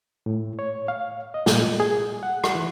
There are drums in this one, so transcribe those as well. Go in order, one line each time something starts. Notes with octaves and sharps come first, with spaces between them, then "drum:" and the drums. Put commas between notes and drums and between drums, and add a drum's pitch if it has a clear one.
A2
C#5
F5
D#5
A#2, drum: snare
G#4
F#5
drum: rim click
E3